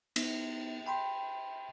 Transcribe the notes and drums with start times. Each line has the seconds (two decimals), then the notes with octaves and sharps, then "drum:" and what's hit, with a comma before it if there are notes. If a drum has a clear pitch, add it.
0.16 B3 D#4, drum: cymbal
0.86 G5 B5 C6